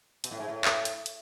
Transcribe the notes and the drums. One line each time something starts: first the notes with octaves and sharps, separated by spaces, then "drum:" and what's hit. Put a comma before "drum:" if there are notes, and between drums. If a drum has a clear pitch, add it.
B2, drum: hi-hat
A2
G#2
A2
drum: clap
drum: hi-hat
drum: hi-hat